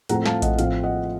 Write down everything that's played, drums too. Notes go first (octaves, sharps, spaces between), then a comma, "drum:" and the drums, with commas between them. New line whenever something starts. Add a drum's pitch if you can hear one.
A2 F3 A3 C4 F#5 A#5, drum: hi-hat
F5 A5, drum: snare
D#5 F#5, drum: kick A#1, hi-hat
A2 F3 C4 F5, drum: hi-hat
D#5 F#5